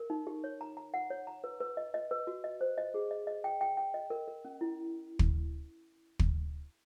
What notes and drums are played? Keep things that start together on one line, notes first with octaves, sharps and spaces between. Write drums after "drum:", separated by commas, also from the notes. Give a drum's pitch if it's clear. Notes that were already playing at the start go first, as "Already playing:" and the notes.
Already playing: A#4
D#4
G4
C#5
A#5
A#5
F#5
C#5
A#5
B4
B4
D#5
D#5
B4
F#4
D#5
C5
D#5
G#4
D#5
D#5
G5
G5
G5
D#5
A#4
A#4
C#4
E4
drum: kick
drum: kick